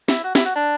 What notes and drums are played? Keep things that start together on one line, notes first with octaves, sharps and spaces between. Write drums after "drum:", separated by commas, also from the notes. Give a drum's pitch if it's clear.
E4, drum: snare
F#4
E4, drum: snare
F#4
D4